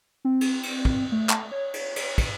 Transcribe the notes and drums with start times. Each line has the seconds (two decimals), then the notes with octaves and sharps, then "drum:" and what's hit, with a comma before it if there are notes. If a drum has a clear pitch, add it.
0.25 C4
0.41 drum: cymbal
0.63 drum: cymbal
0.85 drum: kick
1.12 A3
1.29 drum: clap
1.52 C#5
1.74 drum: cymbal
1.96 drum: cymbal
2.18 drum: kick, cymbal